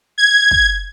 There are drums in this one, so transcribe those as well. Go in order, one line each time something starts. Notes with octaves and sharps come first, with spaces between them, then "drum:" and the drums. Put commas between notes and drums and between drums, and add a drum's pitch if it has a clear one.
G#6
drum: kick